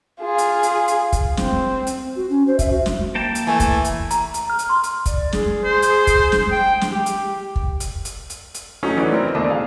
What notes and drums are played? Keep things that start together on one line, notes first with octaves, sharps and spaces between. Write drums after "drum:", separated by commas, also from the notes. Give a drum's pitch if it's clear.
F4 G#4
drum: hi-hat
drum: hi-hat
drum: hi-hat
drum: kick, hi-hat
C4, drum: snare
drum: hi-hat
F#4
C#4
C5
E5, drum: kick, hi-hat
F#4
drum: snare
A#3 G5 A5
drum: hi-hat
E3 A3 G#5
drum: kick, hi-hat
drum: hi-hat
A#5, drum: hi-hat
drum: hi-hat
F6
drum: hi-hat
C6
drum: hi-hat
D5, drum: kick, hi-hat
G#4, drum: snare
C5
drum: hi-hat
drum: kick, hi-hat
drum: snare
G5
drum: snare
G4
drum: hi-hat
drum: kick
drum: hi-hat
drum: hi-hat
drum: hi-hat
drum: hi-hat
F#3 A3 C#4 D#4 A4
E3 A3 B4 D5
C4 E4 A#4
D#2 B2 A3 D4 D#5 D#6
G#4 F5